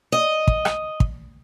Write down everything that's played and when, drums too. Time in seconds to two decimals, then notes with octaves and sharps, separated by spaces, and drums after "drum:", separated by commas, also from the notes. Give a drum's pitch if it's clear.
0.12 D#5
0.48 drum: kick
0.65 drum: rim click
1.00 drum: kick